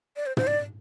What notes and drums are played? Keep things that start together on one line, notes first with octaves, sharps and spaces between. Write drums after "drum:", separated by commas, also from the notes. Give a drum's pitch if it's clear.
D5
C5
C5, drum: tom
D5